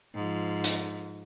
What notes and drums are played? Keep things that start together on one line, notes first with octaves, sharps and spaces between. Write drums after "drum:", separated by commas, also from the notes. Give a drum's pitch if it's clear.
G#2 F3
drum: hi-hat